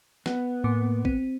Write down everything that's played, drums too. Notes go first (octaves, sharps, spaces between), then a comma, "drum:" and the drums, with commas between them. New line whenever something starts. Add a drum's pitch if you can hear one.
B3, drum: snare
A2 A#3 D6
C4, drum: kick